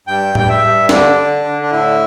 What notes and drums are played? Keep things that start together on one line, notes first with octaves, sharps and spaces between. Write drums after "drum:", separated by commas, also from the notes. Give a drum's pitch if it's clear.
G2 G5
G2 G5, drum: tom A2
E5
G2
D3 D4, drum: snare C#4
D3
D3
D4
A2 E4